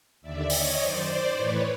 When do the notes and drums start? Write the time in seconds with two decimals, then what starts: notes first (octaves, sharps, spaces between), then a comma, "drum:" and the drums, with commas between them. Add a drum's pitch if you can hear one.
0.21 D#2 D3 D5 E5
0.50 C#5 D#5, drum: open hi-hat
0.78 F#2 D#3 C5 D5
1.34 A2 E3 B4 C#5